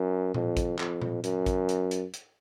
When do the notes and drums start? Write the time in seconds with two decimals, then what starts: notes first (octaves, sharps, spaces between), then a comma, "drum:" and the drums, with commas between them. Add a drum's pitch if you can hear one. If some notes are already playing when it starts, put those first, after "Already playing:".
Already playing: F#2
0.34 F2, drum: tom A#2
0.57 drum: kick, hi-hat
0.79 F2, drum: clap
1.02 drum: tom A#2
1.24 F#2, drum: hi-hat
1.46 drum: kick, hi-hat
1.69 drum: hi-hat
1.91 drum: hi-hat
2.14 drum: hi-hat